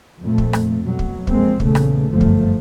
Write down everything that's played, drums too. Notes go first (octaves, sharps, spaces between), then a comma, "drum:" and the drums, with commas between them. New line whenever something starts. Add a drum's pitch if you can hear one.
F2 A#2 A3
drum: kick
drum: rim click
B2 F#3
drum: kick
F2 G#3 A#3 C4, drum: kick
A#1 E2 C#3 A3, drum: kick
drum: rim click
G1 F#2 F3 A3
drum: kick